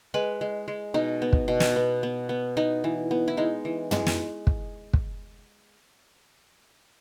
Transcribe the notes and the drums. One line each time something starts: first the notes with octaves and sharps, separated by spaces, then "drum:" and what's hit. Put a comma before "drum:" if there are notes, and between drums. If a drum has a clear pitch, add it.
G#3 B4
G#3
G#3
B2 D#4
B3
drum: kick
B2
drum: snare
B3
B3
B3
B3 D#4
E3
B3
E4
G#3 D#4
E3
G#3, drum: tom
drum: snare
drum: kick
drum: kick